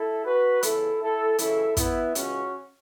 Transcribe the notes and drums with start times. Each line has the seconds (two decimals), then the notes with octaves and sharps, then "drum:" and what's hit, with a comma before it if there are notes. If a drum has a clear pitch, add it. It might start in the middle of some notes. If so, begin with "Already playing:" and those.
Already playing: E4 A4
0.25 F#4 B4
0.63 E2 C#3 E3 E4 A4, drum: hi-hat
1.01 E4 A4
1.38 F#2 C#3 E3 E4 A4, drum: hi-hat
1.77 B3 E4, drum: kick, hi-hat
2.15 C#2 C#3 E3 C#4 F#4, drum: hi-hat